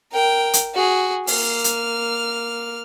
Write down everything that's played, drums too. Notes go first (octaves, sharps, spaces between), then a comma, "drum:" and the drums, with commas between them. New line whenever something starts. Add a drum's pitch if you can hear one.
A#4 G5
drum: hi-hat
F#4 G#4
A#3 F6, drum: open hi-hat
drum: hi-hat